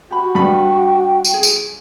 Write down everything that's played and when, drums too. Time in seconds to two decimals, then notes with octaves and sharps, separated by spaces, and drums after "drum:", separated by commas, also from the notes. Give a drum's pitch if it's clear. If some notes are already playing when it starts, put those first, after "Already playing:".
0.11 F#4 G4 B5
0.35 G2 D4 B4 G5 B5
1.24 drum: tambourine
1.34 G#4
1.43 drum: tambourine